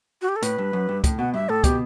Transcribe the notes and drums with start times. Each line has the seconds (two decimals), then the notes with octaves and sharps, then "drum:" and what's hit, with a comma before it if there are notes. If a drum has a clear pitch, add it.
0.22 F#4
0.29 G4
0.36 A4
0.42 A2 B4, drum: hi-hat
0.58 G2
0.73 F#2
0.89 G2
1.04 A2, drum: kick, hi-hat
1.19 B2 F#5
1.34 G2 E5
1.49 A2 A4
1.64 B2 G4, drum: kick, hi-hat